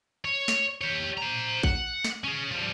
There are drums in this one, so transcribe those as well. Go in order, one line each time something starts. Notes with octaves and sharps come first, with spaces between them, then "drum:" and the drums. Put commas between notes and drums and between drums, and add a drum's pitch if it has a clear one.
C#5
drum: snare
G4 C#5
C5 A#5
F#5, drum: kick A1
drum: snare
C#4 G#4
F3 G3